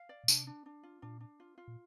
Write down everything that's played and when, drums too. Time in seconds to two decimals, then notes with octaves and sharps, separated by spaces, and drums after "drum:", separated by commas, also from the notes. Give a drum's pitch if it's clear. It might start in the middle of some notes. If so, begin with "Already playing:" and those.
Already playing: F5
0.09 D5
0.24 A#2
0.28 C3 D4, drum: tambourine
0.47 D4
0.66 D4
0.83 F4
1.02 A#2 D4
1.20 D4
1.40 F4
1.58 F4
1.68 A#2